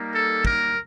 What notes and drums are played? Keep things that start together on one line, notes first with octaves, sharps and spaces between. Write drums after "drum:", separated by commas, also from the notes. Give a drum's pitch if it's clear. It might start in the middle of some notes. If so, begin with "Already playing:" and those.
Already playing: G3 A#3 D#4
A4
A#4, drum: kick